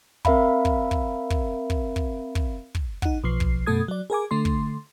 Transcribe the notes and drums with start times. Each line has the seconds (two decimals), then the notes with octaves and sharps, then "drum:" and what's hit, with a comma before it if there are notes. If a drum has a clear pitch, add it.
0.25 C4 A#4 E5 F5 B5, drum: kick
0.65 drum: kick
0.91 drum: kick
1.30 drum: kick
1.70 drum: kick
1.96 drum: kick
2.35 drum: kick
2.75 drum: kick
3.02 D#4 F#5, drum: kick
3.24 B1 F3 C7
3.40 drum: kick
3.66 F#2 B2 A3 A4 D#6 G#6
3.88 F#3 D5
4.10 G#4 A#4 G#5 D6
4.31 D3 A3 C6
4.45 drum: kick